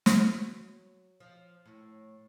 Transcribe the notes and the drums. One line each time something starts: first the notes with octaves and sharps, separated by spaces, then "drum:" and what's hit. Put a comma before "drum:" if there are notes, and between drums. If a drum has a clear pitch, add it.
F#3, drum: snare
F3
A2